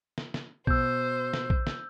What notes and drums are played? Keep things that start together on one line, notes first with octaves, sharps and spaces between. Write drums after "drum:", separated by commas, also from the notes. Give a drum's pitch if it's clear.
drum: snare
drum: snare
B2 C5 E6 G6, drum: kick A#1
drum: snare
drum: kick A#1
drum: snare